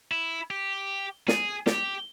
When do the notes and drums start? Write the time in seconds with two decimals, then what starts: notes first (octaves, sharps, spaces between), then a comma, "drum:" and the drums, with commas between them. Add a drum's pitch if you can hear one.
0.11 E4
0.50 G4
1.28 G#4, drum: snare
1.66 G4, drum: snare